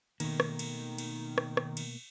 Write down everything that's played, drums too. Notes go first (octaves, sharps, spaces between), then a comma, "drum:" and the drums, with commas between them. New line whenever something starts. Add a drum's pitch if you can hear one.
B2 D#3 A3 A#3, drum: cymbal
drum: rim click
drum: cymbal
drum: cymbal
drum: rim click
drum: rim click
drum: cymbal